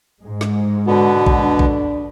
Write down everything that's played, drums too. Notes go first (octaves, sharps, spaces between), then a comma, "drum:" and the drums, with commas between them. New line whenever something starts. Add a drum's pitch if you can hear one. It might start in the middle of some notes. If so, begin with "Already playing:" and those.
G#2 G#3
drum: snare
B2 D3 B3 F#4
drum: kick A#1
D4
drum: kick A#1